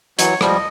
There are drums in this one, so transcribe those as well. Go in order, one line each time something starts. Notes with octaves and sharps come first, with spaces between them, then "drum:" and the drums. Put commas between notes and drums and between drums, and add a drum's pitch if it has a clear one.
E3 F#3 C#5, drum: hi-hat
F3 G3, drum: rim click
D#5